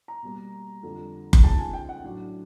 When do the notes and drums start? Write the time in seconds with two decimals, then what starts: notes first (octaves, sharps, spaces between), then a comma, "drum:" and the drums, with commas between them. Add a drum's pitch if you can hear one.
0.08 A#5
0.23 B2 G3 A#3
0.83 F2 D3 G3
1.33 drum: kick F#1
1.43 C#3 F3 G#3 B3 D#4 A5
1.59 G#5
1.73 G5
1.89 F#5
2.03 A2 F#3 A3 D4 F#4